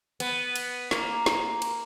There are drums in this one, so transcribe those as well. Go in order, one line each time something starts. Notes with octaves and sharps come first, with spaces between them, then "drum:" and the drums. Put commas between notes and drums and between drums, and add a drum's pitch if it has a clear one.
B3, drum: cymbal
drum: cymbal
A#3, drum: snare
drum: snare
drum: cymbal